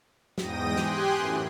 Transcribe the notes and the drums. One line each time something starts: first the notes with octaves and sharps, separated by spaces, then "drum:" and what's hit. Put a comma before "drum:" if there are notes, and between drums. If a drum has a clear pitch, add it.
E2 G#2 G5 D#6 A#6 D#7, drum: snare
G4 G5 G#5 C6 D#6 F#6, drum: snare
F#2 A2 E3